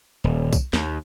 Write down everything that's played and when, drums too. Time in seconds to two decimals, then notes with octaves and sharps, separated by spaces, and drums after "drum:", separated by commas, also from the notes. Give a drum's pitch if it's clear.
0.24 D#1
0.53 drum: kick B1, tambourine
0.73 D#2, drum: snare